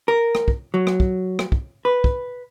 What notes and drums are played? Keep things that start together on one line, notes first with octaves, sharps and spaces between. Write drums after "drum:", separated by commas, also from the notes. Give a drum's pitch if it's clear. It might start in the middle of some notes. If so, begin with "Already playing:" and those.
A#4
drum: rim click
drum: kick
F#3
drum: rim click
drum: kick
drum: rim click
drum: kick
B4
drum: kick